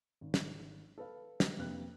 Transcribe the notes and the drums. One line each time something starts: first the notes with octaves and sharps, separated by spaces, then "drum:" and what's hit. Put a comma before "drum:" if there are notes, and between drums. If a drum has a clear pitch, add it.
G#1
drum: snare
A4 B4 F5
drum: snare
F2 C3 A#3 D4 B4 F#6